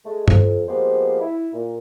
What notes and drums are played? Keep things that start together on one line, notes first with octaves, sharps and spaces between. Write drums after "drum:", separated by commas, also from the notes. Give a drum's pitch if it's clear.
G#3 A3
F2, drum: tom
F3 G#3 A#3 B3 G4 C5
E4
A#2